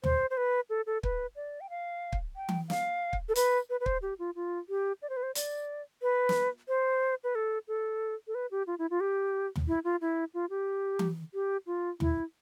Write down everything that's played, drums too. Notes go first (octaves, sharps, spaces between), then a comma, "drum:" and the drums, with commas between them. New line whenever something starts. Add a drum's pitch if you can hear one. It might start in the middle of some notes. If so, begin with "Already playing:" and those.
C5, drum: tom
C5
B4
A4
A4
B4, drum: kick
D5
G5
F5
drum: kick
G5
drum: tom E3
F5, drum: snare
drum: kick
A4
B4, drum: hi-hat
B4
B4
C5, drum: kick
G4
F4
F4
G4
D5
C5
B4
C5
D5, drum: hi-hat
B4
drum: snare
C5
B4
A4
A4
A4
B4
G4
F4
E4
F4
G4
drum: tom
E4
F4
E4
F4
G4
drum: tom E3
G4
F4
E4, drum: tom